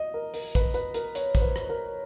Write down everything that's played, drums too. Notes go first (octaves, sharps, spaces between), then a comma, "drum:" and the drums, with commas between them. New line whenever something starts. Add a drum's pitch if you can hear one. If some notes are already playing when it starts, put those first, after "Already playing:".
Already playing: D#5
A#4
A#4, drum: open hi-hat
B4, drum: kick, hi-hat
B4, drum: hi-hat
A#4, drum: hi-hat
C#5, drum: hi-hat
C5, drum: kick, hi-hat
B4
drum: rim click
A#4